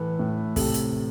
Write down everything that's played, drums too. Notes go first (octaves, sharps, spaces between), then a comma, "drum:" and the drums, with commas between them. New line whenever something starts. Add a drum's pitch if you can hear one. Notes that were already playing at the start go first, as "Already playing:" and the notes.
Already playing: A2 E3 A3 A4 B4
A2
C3 A4, drum: kick, open hi-hat
drum: hi-hat